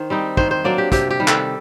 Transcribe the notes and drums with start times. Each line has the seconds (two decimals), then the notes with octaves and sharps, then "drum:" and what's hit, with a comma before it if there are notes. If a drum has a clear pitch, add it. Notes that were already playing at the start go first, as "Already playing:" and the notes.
Already playing: D#3 C5
0.10 G3 C4 D#4
0.37 D#3 C5, drum: kick
0.51 C5
0.64 F#3 A#3 D4 D5
0.78 G4
0.92 C3 G4, drum: kick, hi-hat
1.11 G4
1.20 D#3 G3
1.28 A4, drum: clap